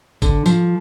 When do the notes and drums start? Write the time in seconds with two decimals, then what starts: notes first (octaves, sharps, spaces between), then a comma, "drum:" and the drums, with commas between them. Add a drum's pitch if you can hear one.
0.22 D3, drum: kick, tambourine
0.46 F3, drum: tambourine